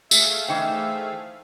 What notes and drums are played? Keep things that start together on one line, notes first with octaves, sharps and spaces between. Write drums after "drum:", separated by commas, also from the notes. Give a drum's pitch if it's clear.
A3 G#4 E5 F5, drum: tambourine
E3 D#4 C5 G5